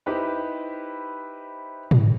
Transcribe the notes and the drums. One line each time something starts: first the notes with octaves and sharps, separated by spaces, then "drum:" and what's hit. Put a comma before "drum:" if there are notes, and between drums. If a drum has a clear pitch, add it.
D#4 E4 G4 B4 C5
drum: tom G#2